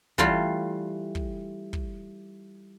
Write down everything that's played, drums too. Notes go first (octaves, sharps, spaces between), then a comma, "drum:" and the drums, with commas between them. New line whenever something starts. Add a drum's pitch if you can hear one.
E3 G3 A3 F4, drum: kick
drum: kick
drum: kick